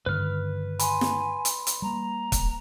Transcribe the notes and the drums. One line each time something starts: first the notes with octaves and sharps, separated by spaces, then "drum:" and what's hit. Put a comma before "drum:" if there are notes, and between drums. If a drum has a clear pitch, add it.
G2 D3 D#3 B4 F6
G#5 B5 C6, drum: hi-hat
drum: snare
drum: hi-hat
drum: hi-hat
G3 A#3 A#5
drum: kick, hi-hat